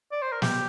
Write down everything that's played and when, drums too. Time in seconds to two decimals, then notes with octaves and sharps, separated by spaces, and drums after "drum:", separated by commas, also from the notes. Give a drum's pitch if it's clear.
0.12 D5
0.22 C5
0.32 A#4
0.42 G4, drum: snare